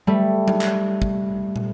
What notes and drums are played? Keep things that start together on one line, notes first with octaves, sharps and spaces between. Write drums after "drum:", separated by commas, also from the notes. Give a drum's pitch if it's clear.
G3 A3
drum: tom F#3
drum: clap
drum: kick
drum: tom